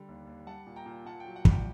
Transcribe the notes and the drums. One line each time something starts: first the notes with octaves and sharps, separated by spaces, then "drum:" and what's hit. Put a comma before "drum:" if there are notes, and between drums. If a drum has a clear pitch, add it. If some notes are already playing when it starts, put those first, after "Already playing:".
Already playing: D3 G3
D#2
D#2
G3 F#5 A5
A#2
G5 A#5
A#2
A#2 F#5 A5
G5
F#3
F#5
C2, drum: kick
G5